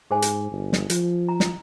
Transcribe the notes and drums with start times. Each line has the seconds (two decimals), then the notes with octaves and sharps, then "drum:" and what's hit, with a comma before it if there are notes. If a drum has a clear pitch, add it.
0.11 G#2 G#4 C5 G#5
0.22 drum: hi-hat
0.52 G1
0.73 drum: snare
0.90 F3, drum: hi-hat
1.29 A#5
1.40 drum: snare